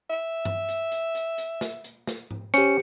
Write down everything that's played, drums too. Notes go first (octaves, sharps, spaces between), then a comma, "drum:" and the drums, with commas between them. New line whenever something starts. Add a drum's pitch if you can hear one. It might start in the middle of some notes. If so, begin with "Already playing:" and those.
E5
drum: tom G2
drum: hi-hat
drum: hi-hat
drum: hi-hat
drum: hi-hat
drum: snare
drum: hi-hat
drum: snare
drum: tom G#2
C#4 G4 C5 C#7, drum: hi-hat